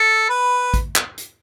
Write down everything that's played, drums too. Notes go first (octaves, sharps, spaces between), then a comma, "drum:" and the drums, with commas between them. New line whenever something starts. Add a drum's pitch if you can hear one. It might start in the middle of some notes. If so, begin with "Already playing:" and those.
Already playing: A4
B4
drum: kick, hi-hat
drum: clap
drum: hi-hat